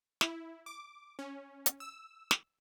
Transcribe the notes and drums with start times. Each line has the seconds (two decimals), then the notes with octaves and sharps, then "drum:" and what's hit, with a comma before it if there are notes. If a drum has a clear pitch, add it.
0.21 E4, drum: snare
0.66 D6
1.19 C#4
1.66 drum: hi-hat
1.80 E6
2.31 drum: snare